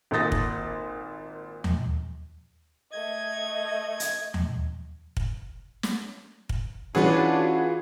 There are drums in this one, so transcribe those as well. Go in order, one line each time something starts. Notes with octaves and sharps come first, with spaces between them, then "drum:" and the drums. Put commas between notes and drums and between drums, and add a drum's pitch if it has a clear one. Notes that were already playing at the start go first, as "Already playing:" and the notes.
G#1 A#2 A4 D#6 A6 A#6
drum: kick
drum: tom D#2
A3 D#5 G#6
drum: hi-hat
drum: tom D#2
drum: kick
drum: snare
drum: kick
E3 C#4 D4 F4 F#4 G#4 B4